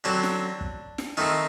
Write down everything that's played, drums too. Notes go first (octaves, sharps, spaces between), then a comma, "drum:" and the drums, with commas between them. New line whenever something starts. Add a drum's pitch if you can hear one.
D3 F#3 C4 D4
drum: snare
drum: kick
drum: snare
D#3 A3 C4 D#4